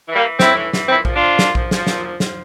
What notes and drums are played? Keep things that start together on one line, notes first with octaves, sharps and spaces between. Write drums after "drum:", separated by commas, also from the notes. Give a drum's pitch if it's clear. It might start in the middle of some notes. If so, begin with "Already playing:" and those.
E3
G3 A#3
E3
A2 C4 E4, drum: snare
E3
E3, drum: snare
A#2 C4 E4
F3, drum: kick A#1
D4 F4
F3
A#2, drum: snare
F3, drum: kick A#1
F3, drum: snare
A#2, drum: snare
F3
F3, drum: snare